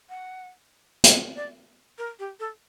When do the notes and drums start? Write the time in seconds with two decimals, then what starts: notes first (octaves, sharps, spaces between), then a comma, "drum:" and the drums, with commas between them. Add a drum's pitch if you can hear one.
0.09 F#5
1.04 drum: hi-hat
1.36 D5
1.98 A#4
2.19 G4
2.40 A4